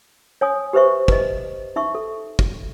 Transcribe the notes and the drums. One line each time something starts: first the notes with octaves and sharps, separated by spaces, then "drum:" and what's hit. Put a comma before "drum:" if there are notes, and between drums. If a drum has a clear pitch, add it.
C#5 G#5 D#6
G4 B4 C5 E5 C#6
B4 D#5, drum: kick
D#4 E5 C#6
A4
drum: kick